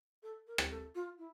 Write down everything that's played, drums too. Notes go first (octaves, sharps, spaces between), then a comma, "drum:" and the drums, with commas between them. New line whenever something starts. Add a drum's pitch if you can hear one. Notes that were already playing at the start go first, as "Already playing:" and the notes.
A4
A#4
drum: rim click
A4
F4
E4